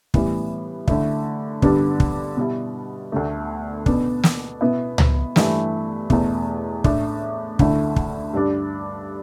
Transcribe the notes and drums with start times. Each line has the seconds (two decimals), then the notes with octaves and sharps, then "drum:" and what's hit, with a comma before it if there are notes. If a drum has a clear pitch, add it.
0.14 A2 E3 G3 B3 E4, drum: kick
0.88 D3 A3 E4, drum: kick
1.62 G2 D3 G3 B3 D4, drum: kick
2.00 drum: kick
2.37 B2 G3 E4
3.12 D2 D3 A3
3.86 B2 B3 D4, drum: kick
4.24 drum: snare
4.61 B2 B3 E4
4.98 drum: tom C#2
5.36 G2 E3 A3 E4, drum: snare
6.10 E2 B2 A3, drum: kick
6.84 A2 A3 D4, drum: kick
7.59 D2 D3 A3 E4, drum: kick
7.96 drum: kick
8.34 G2 G3 D4